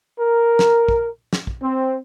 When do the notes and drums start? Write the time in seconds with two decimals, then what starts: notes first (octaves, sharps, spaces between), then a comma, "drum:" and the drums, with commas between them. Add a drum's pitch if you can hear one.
0.19 A#4
0.59 drum: snare
0.88 drum: kick
1.33 drum: snare
1.47 drum: kick
1.62 C4